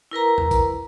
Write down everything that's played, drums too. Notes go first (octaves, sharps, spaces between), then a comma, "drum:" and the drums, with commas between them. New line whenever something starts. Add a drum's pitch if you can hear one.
E4 A#4 B4 A#5
drum: tom E2
drum: kick A1, tambourine